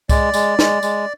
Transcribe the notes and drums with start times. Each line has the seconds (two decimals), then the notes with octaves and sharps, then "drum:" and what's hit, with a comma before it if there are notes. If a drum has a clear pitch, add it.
0.09 G#3 D5, drum: kick C2, tambourine
0.34 G#3, drum: tambourine
0.59 G#3, drum: snare
0.83 G#3, drum: tambourine